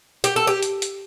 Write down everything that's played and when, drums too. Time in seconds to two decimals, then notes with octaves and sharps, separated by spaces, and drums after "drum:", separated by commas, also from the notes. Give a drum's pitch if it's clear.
0.24 G4, drum: hi-hat
0.36 A4
0.47 G4
0.63 drum: hi-hat
0.82 drum: hi-hat